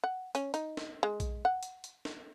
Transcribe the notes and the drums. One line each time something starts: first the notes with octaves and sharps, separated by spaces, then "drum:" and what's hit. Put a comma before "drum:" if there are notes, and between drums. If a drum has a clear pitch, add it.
F#5
C#4, drum: hi-hat
D#4, drum: hi-hat
drum: snare
G#3
drum: kick A#1, hi-hat
F#5
drum: hi-hat
drum: hi-hat
drum: snare